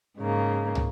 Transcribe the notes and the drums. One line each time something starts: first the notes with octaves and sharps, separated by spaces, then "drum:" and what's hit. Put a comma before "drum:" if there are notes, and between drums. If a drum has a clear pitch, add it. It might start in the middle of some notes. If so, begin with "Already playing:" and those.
G#2 C#3 A#3
drum: tom